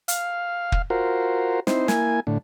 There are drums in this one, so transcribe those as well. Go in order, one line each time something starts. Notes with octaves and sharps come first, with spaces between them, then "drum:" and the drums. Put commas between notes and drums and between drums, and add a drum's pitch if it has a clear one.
F5, drum: hi-hat
drum: kick
F4 F#4 A#4 C5
C4 D#4 E4 C5, drum: snare
A#3 E4 G#5, drum: snare
A2 D3